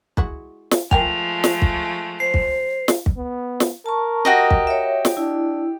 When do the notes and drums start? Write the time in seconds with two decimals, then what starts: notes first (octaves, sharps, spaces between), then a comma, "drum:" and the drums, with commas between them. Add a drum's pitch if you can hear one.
0.17 G#3 E4 F#4, drum: kick
0.71 drum: snare
0.91 F3 G#3 A3 A#4 G5 G#5 F7, drum: kick
1.44 drum: snare
1.62 drum: kick
2.20 C5 C7
2.34 drum: kick
2.88 drum: snare
3.06 drum: kick
3.16 B3
3.60 drum: snare
3.86 A#4 A5 C#6
4.25 F#4 G4 D#5
4.51 drum: kick
4.67 C#5 E5
5.05 drum: snare
5.17 D4 E4